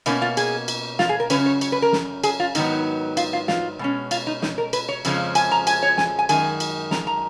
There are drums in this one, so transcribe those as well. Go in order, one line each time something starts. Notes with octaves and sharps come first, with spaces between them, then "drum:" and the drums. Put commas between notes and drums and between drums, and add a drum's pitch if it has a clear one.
B2 A#3 C#4 D#4, drum: cymbal
F4
G#4, drum: cymbal
drum: cymbal
F4, drum: snare
G#4
A#4
F#2 C#3 G#3 C#4 B4, drum: cymbal
C#5
C#5, drum: cymbal
B4
A#4
drum: snare
G#4, drum: cymbal
F4
G#2 D#3 F#3 B3 D#4, drum: cymbal
F4, drum: cymbal
F4
F4, drum: snare
B2 G#3 C#4
F4, drum: cymbal
D#4
D#4, drum: snare
A#4
B4, drum: cymbal
C#5
F2 C#3 F3 G#3 C#4, drum: cymbal
G#5, drum: cymbal
A#5
G#5, drum: cymbal
C#5
G#5, drum: snare
G#5
F#2 D#3 G#3 G#5, drum: cymbal
drum: cymbal
A#5, drum: snare
A#5